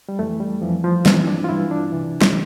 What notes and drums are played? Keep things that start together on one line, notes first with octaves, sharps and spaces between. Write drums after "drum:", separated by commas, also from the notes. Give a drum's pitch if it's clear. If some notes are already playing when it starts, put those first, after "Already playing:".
G3
F2 E3 A3
G3
F2 E3 F3
F3
G2 E3 C4, drum: snare
E4
D4
F4
G2 E3 E4
D4
C2 C3 E3
drum: snare